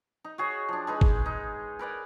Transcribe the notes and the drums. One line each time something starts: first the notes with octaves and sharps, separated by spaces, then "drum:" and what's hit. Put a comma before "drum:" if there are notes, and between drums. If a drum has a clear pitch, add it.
D#4
F#4 G#4 C#5
F3 D4
G#3 D#4 B4
drum: kick
D#4
A#4 B4 D5 G#5